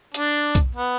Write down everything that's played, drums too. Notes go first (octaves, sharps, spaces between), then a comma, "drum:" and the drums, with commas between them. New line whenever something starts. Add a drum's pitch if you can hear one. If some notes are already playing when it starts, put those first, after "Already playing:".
D4, drum: hi-hat
drum: kick, hi-hat
B3